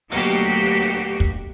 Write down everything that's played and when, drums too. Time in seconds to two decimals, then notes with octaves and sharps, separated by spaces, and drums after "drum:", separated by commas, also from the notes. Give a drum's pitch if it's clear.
0.11 D2 B2 F#3 A#3 F#4 G4, drum: open hi-hat
1.20 drum: kick